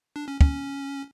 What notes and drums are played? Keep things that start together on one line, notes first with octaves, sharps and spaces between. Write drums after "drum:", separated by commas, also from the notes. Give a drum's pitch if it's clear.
D4
C#4
C#4, drum: kick